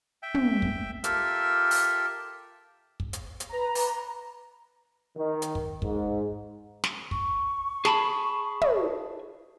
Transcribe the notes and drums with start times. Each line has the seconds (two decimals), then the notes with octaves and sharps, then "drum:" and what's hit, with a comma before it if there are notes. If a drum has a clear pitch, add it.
0.23 E5 G5
0.34 drum: tom
0.62 drum: kick
1.04 F4 G4 A4 A#4 E5 E6, drum: hi-hat
1.71 drum: open hi-hat
3.00 drum: kick
3.13 drum: hi-hat
3.40 drum: hi-hat
3.49 B4 A#5
3.75 drum: open hi-hat
5.16 D#3
5.42 drum: hi-hat
5.55 drum: kick
5.82 G#2, drum: kick
6.84 drum: snare
7.11 C#6, drum: kick
7.85 G#4 A5 B5, drum: snare
8.61 drum: tom